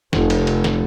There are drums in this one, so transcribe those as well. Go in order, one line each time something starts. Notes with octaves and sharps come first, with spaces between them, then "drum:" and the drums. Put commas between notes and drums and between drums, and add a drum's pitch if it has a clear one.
F1, drum: snare
drum: cymbal
drum: cymbal
drum: snare